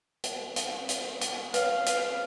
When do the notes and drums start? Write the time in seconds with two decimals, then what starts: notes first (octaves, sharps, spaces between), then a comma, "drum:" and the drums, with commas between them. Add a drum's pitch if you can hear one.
0.24 drum: hi-hat
0.56 drum: hi-hat
0.89 drum: hi-hat
1.21 drum: hi-hat
1.54 B4 C#5 F5, drum: hi-hat
1.86 drum: hi-hat